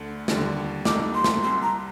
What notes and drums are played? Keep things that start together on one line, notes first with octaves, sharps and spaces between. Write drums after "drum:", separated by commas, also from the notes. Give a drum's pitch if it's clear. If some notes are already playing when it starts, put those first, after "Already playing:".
Already playing: D2 D3 A3
D#2 D3 G3, drum: snare
C2 C3 G3 A#3 D#4 D6, drum: snare
C6
drum: snare
C2 C3 G3 C6
A#5